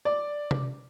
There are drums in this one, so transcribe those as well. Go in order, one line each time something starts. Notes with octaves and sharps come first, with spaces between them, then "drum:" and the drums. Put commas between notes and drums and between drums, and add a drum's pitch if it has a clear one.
D5
drum: tom C3